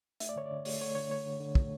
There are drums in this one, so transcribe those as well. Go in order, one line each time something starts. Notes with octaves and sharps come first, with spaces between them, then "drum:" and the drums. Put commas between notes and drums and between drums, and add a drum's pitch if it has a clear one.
A3 E5, drum: hi-hat
D5
D3 C#5
D5
D3
A3 C#5, drum: open hi-hat
A3 C#5
D3 C#5
A3 C#5
D3
D3
A3, drum: kick